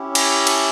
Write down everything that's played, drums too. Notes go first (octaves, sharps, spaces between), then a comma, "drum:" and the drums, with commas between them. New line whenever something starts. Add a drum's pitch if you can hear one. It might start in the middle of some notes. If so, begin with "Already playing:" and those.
Already playing: C#4 E4 G4
G#5, drum: cymbal
A5, drum: cymbal